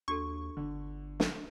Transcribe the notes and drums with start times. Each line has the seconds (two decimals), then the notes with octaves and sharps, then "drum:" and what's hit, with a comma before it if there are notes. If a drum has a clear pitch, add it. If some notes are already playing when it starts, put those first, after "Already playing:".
0.08 D#2 D4 F#4 A4 C#6
0.57 G1 D3
1.20 drum: snare